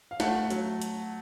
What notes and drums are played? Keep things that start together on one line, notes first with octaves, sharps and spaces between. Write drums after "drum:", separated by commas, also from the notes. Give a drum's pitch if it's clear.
F5
A3 F#5, drum: snare
F#3, drum: hi-hat
drum: hi-hat